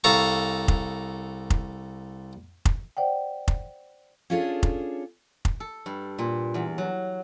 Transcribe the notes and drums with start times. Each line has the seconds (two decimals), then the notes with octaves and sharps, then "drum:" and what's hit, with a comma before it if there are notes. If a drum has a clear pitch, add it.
0.04 C2 A4 F5 A#5 C#6
0.68 drum: kick F1
1.50 drum: kick F1
2.65 drum: kick F1
2.97 C5 D5 F#5 G5
3.48 drum: kick F1
4.30 C#4 D4 F4 G#4 A4 C#5
4.63 drum: kick F1
5.45 drum: kick F1
5.60 A4
5.86 G2
6.19 A#2
6.54 E2
6.78 F#3